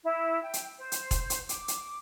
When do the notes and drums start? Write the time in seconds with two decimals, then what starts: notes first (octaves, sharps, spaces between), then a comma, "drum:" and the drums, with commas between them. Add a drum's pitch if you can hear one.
0.03 E4
0.43 G5
0.53 drum: hi-hat
0.78 C5
0.92 drum: hi-hat
1.11 drum: kick E1, hi-hat
1.30 drum: hi-hat
1.49 D6, drum: hi-hat
1.68 drum: hi-hat